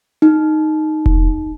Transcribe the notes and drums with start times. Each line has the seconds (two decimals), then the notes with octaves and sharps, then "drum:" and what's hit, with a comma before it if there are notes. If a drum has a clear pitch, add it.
0.22 D#4
1.06 drum: kick E1